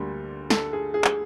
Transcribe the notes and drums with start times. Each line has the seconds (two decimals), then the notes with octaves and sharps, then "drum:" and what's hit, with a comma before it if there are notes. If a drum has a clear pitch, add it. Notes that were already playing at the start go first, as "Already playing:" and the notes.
Already playing: D2 D3 G3 A#3
0.50 A4, drum: snare
0.73 G#4
0.94 G#4
1.04 drum: clap